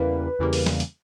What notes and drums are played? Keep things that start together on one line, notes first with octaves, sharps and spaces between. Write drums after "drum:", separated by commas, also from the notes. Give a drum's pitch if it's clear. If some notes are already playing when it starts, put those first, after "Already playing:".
Already playing: E2 C#3 E3 G3 A#3 B4
E2 C#3 E3 G3 A#3
drum: open hi-hat
drum: snare
drum: hi-hat